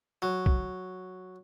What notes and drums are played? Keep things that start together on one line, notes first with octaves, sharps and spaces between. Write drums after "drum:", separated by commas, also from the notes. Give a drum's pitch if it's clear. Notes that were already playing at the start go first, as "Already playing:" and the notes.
F#3
drum: kick